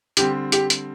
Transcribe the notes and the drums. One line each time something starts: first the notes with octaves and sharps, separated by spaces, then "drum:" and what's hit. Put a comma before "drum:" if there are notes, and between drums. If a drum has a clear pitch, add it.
D3 G3 C4 G4, drum: hi-hat
G4, drum: hi-hat
drum: hi-hat